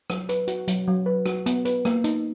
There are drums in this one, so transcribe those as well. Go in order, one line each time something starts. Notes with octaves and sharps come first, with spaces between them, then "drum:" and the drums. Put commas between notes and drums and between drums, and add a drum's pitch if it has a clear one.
F#3, drum: rim click
B4, drum: hi-hat
F#4, drum: hi-hat
F#3, drum: hi-hat
F#3
B4
F#4, drum: rim click
B3, drum: hi-hat
B4, drum: hi-hat
A#3, drum: rim click
D#4, drum: hi-hat